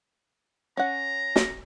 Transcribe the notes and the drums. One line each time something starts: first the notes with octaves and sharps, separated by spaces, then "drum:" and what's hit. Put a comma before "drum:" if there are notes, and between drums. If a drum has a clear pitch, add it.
C#4 F#5 A#5
drum: snare